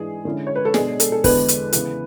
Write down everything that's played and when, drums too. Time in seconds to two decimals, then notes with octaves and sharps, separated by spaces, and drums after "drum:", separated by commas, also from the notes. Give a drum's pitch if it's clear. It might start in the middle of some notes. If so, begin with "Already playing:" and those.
Already playing: G#2 E3 G#3 D4 G#4
0.25 D3 G#3 C#4 E4
0.47 C#5
0.55 B4
0.65 A4
0.74 B2 G#3 D4 G#4, drum: snare
1.00 A4, drum: hi-hat
1.12 A4
1.24 E2 D3 G#3 B3 B4, drum: kick, open hi-hat
1.48 drum: hi-hat
1.73 C#3 E3 B3, drum: hi-hat